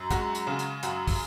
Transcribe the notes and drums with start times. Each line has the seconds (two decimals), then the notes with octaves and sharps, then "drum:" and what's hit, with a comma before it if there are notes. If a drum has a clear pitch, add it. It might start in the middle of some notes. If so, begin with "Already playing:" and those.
Already playing: F#2
0.11 G#3 F#4, drum: kick, hi-hat
0.35 drum: hi-hat
0.47 C#3
0.59 drum: hi-hat
0.83 F#2 F#4, drum: hi-hat
1.08 drum: kick, open hi-hat